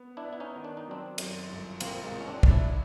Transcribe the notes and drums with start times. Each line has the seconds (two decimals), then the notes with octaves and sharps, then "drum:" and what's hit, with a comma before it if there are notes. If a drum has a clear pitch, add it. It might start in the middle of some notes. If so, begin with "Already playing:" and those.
Already playing: B3
0.17 D4 E4
0.25 B3
0.33 E4
0.40 C#4 D#4
0.56 D#3
0.64 D4
0.77 D#4
0.88 F#3 C4 D4
1.18 F#2, drum: cymbal
1.50 G1
1.80 A#1 A#3 C4, drum: cymbal
2.04 G#3 A#3
2.11 A#1
2.20 C#4
2.27 C4 D4
2.43 A#1, drum: kick
2.51 D4 E4